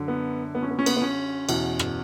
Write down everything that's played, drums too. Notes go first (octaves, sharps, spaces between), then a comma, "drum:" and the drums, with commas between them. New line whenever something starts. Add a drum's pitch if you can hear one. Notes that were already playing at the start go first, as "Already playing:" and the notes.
Already playing: F#2 D3
B3
B3
C#4
B3
C#4
B3, drum: cymbal
B3
C#4
E2 B2, drum: cymbal
drum: rim click